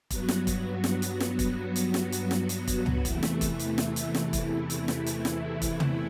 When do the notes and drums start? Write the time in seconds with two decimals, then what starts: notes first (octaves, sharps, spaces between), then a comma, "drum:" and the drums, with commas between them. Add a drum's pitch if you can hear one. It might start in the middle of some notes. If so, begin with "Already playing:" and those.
0.10 G2 F#3 B3 F#4, drum: kick E1, hi-hat
0.29 drum: snare
0.47 drum: kick E1, hi-hat
0.84 drum: snare
1.02 drum: hi-hat
1.20 drum: snare
1.39 drum: kick E1, hi-hat
1.76 drum: hi-hat
1.94 drum: snare
2.12 drum: hi-hat
2.31 drum: snare
2.49 drum: hi-hat
2.67 drum: kick E1, hi-hat
2.86 drum: tom C#2
3.05 E2 C3 E3 A3 E4, drum: kick E1, hi-hat
3.23 drum: snare
3.41 drum: kick E1, hi-hat
3.59 drum: hi-hat
3.78 drum: snare
3.96 drum: hi-hat
4.15 drum: snare
4.33 drum: kick E1, hi-hat
4.70 drum: hi-hat
4.88 drum: snare
5.06 drum: hi-hat
5.25 drum: snare
5.62 drum: kick E1, hi-hat
5.80 drum: tom